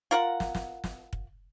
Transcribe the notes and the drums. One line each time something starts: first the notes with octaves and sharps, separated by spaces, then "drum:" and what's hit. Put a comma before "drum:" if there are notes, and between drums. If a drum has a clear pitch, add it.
F4 A#4 F#5
drum: snare
drum: snare
drum: snare
drum: kick